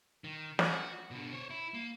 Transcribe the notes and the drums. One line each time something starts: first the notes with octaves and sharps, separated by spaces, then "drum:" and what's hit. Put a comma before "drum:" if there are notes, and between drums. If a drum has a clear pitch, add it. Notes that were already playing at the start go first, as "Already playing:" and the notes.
D#3
F#4, drum: snare
B2 D3
C5 C#5
E4
A#3